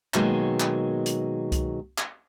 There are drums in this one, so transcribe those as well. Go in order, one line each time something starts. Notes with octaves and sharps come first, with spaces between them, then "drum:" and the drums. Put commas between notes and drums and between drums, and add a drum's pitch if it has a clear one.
B2 D#3 F#3 G#3 A#3, drum: clap
drum: clap
drum: hi-hat
drum: kick C2, hi-hat
drum: clap